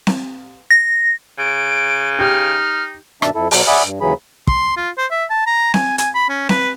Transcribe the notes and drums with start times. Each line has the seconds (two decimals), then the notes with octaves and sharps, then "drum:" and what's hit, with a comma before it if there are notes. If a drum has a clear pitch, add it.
0.07 drum: snare C4
0.71 A#6
1.39 C#3 D7
2.19 D#4 G4 F6 G6
3.22 G2 B2 D#3 D4 E5 A5, drum: rim click
3.35 F2 E4 A4
3.51 B2 F#3, drum: open hi-hat
3.68 D5 E5 F#5 G#5 B5 D#6
3.84 G2
4.01 D#2 C#3 E3 F#3 G#4 B5
4.47 C6, drum: kick
4.77 F4
4.98 C5
5.11 E5
5.30 A5
5.47 A#5
5.74 G#5, drum: snare C4
5.98 G#5, drum: hi-hat
6.15 B5
6.29 C#4
6.49 B4, drum: snare C4